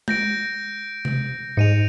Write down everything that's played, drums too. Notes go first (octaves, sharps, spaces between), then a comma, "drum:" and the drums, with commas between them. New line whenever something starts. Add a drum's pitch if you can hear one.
G6 A#6 D7, drum: tom G#3
drum: tom C3
G#2 G#3 C#7 D#7 F7